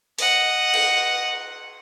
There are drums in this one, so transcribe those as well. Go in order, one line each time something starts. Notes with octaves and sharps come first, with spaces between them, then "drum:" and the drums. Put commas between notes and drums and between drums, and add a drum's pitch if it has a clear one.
D#5 F#5, drum: open hi-hat
drum: cymbal